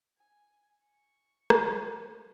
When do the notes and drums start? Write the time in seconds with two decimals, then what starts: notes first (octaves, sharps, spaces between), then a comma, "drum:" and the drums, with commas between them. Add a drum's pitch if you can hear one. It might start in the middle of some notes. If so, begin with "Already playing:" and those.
0.18 G#5
0.85 C#6
1.50 drum: rim click